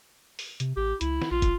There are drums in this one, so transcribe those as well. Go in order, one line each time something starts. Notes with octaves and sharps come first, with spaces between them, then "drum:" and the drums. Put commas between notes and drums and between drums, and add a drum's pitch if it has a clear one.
drum: open hi-hat
C3, drum: hi-hat
A1 G4
C#2 E4, drum: hi-hat
drum: snare
A#1 F4
drum: kick, hi-hat